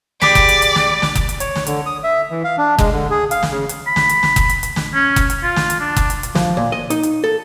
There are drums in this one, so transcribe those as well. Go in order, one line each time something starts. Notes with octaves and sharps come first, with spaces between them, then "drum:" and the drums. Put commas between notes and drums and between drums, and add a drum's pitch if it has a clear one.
G4 G#4 D5 B5, drum: snare
drum: kick F#1, hi-hat
drum: hi-hat
drum: hi-hat
drum: snare
drum: snare
drum: kick F#1, hi-hat
drum: hi-hat
C#5, drum: hi-hat
drum: snare
D3, drum: hi-hat
D#6
E5
E3
F5
D4
G#3, drum: kick F#1, hi-hat
D3
G#4
F5, drum: hi-hat
drum: snare
C#3
drum: hi-hat
B5
drum: snare
drum: hi-hat
drum: snare
drum: kick F#1, hi-hat
drum: hi-hat
drum: hi-hat
drum: snare
C#4
drum: kick F#1, hi-hat
drum: hi-hat
F4
drum: snare
drum: hi-hat
D4
drum: kick F#1, hi-hat
drum: hi-hat
drum: hi-hat
F3, drum: snare
A#2
D#5
D#4, drum: hi-hat
drum: hi-hat
A4